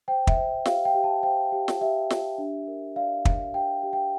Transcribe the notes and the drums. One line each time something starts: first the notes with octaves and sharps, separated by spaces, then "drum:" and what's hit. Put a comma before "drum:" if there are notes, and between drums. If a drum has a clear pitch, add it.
C5 G5
E5, drum: kick
C5
G4 F5, drum: snare
G5
G4
A5
C5 G5
G4
drum: snare
G4 E5
G4, drum: snare
D4
A#4
D5 F5
A#4, drum: kick
G4 G5
G4
G5